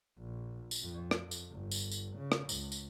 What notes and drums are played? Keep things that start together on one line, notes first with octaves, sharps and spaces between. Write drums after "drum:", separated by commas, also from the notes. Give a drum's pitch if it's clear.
A#1
drum: tambourine
F2
drum: rim click
drum: tambourine
G1
drum: tambourine
drum: tambourine
C#3
drum: rim click
C#2, drum: tambourine
drum: tambourine